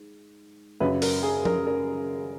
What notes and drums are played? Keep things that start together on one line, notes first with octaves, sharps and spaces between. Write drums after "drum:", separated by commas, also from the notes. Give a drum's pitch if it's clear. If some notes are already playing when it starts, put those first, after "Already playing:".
Already playing: G#2
F#2 C#3 F#3 B4
A#4, drum: open hi-hat
G#4
A#4, drum: tom F3
A#4